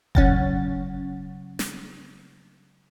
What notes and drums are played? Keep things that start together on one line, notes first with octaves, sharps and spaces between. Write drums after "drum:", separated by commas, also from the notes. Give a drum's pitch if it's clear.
C#3 F#3 C#4 F#5 A6, drum: kick F1
drum: snare